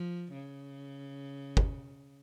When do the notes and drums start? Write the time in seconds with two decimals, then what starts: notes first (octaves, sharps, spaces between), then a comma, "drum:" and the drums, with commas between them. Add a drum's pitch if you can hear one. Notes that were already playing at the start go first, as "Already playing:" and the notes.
Already playing: F3
0.32 C#3
1.57 drum: kick